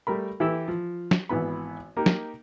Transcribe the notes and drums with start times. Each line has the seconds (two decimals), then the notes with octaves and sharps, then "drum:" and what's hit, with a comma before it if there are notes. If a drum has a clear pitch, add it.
0.07 G3 A3 A#4 B5
0.40 E3 E4 G4 A4 E6
0.68 F3
1.11 drum: snare
1.29 G#1 E3 B3 B5
1.97 A#3 D#4 G4
2.06 drum: snare